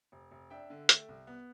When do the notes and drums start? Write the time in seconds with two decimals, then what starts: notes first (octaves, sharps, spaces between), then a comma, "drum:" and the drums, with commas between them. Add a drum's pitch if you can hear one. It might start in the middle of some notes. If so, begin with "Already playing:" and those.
0.12 F1
0.31 F1
0.50 D4 E5 G5
0.70 D3
0.89 A3, drum: hi-hat
1.08 C2
1.27 B3